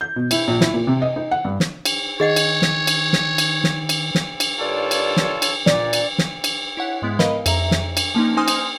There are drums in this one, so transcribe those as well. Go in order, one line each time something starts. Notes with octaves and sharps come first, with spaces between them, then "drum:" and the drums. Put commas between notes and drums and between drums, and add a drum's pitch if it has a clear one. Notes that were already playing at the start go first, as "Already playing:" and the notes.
G6
B2
E4, drum: cymbal
A#1
E4, drum: snare
A#2
C3
D#5
D#4
F#5
G2
drum: snare
drum: cymbal
D#3 G#4 C#5 D#5 F#5
drum: cymbal
drum: snare
drum: cymbal
drum: snare
drum: cymbal
drum: snare
drum: cymbal
drum: snare
drum: cymbal
G2 D#3 F4 A4 C#5 D5
drum: cymbal
drum: snare
drum: cymbal
A#2 D5, drum: snare
drum: cymbal
drum: snare
drum: cymbal
E4 C#5 F#5
G#2 G#3 B3 E4
A#4 B4 D#5 F5 B5, drum: snare
F2 E5 A#5, drum: cymbal
drum: snare
drum: cymbal
F3 A#3 C#4 D#4
D#4 C5 G#5 C6 D#6 F6
drum: cymbal